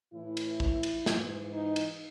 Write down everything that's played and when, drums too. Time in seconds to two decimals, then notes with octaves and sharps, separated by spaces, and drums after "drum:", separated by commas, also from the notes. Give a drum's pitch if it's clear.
0.14 A2 E3 E4
0.37 drum: cymbal
0.60 drum: kick
0.83 drum: cymbal
1.06 G#2 E3, drum: snare
1.53 D#4
1.76 drum: cymbal